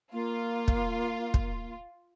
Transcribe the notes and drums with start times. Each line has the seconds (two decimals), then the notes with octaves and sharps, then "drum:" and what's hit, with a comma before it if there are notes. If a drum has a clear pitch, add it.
0.13 A#3 F4
0.68 drum: kick
1.34 drum: kick